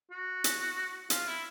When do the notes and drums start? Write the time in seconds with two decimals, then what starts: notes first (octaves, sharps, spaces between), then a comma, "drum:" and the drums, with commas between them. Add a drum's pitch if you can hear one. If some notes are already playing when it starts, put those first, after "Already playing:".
0.11 F#4
0.44 drum: hi-hat
1.10 F4, drum: hi-hat
1.27 E4